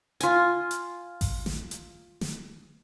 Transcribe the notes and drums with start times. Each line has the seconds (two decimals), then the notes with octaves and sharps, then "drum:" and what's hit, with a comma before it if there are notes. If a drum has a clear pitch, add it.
0.20 F4 G#5, drum: hi-hat
0.71 drum: hi-hat
1.21 drum: kick A1, open hi-hat
1.46 drum: snare
1.71 drum: hi-hat
2.21 drum: snare